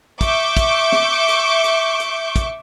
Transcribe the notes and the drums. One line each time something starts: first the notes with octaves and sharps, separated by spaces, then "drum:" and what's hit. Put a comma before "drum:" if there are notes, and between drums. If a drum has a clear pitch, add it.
E5 C#6 D6 G6 D7, drum: kick, hi-hat
drum: kick, hi-hat
drum: snare
drum: hi-hat
drum: hi-hat
drum: hi-hat
drum: kick, hi-hat